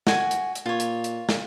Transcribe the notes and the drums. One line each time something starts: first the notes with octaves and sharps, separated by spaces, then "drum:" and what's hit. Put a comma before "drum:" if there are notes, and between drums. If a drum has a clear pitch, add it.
F#4 G#5, drum: snare
drum: hi-hat
drum: hi-hat
A#2 F4 C#5
drum: hi-hat
drum: hi-hat
drum: snare